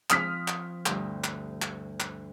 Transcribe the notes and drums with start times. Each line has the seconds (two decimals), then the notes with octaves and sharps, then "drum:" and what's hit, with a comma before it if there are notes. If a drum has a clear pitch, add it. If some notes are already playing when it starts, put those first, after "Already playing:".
0.10 F3 C4 D#6 F6 B6, drum: clap
0.48 drum: clap
0.86 D2 G2, drum: clap
1.24 drum: clap
1.62 drum: clap
2.00 drum: clap